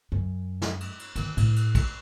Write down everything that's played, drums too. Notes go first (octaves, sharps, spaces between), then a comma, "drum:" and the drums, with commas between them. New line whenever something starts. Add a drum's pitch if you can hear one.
F#2
drum: snare
drum: cymbal
drum: cymbal
D#3 A#3, drum: cymbal
A2, drum: cymbal
drum: cymbal
drum: kick, cymbal